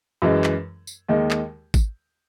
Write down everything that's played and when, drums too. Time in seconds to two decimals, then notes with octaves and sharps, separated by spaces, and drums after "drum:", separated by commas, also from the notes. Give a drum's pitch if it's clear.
0.22 F#2 E3 G#3
0.44 drum: clap
0.87 drum: tambourine
1.08 D#2 D#3 G#3
1.31 drum: clap
1.74 drum: kick G#1, tambourine